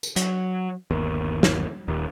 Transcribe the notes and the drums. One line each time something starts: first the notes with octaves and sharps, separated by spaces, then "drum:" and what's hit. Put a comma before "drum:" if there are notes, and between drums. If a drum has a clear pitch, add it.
drum: tambourine
F#3, drum: hi-hat
G1 D#2
drum: snare
D#1 D#2